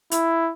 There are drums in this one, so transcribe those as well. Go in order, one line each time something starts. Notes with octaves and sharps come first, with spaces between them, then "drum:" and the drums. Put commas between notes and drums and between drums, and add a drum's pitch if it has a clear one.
E4, drum: hi-hat